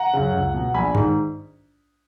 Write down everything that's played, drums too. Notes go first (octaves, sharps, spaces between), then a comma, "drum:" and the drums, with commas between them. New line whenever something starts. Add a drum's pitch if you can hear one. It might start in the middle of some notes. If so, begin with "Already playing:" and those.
Already playing: F#5 A#5
F#2 C#3
C#2
B2
A#1 G#5 B5
G#2 D#3, drum: tom G2